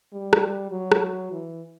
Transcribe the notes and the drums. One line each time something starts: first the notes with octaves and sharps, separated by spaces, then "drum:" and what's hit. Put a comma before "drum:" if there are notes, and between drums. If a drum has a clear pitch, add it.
G3
drum: rim click
F#3
drum: rim click
E3